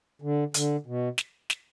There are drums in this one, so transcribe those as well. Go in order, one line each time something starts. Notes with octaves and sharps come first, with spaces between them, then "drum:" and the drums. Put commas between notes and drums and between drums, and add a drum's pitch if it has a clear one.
D3
D3, drum: hi-hat
B2
drum: snare
drum: snare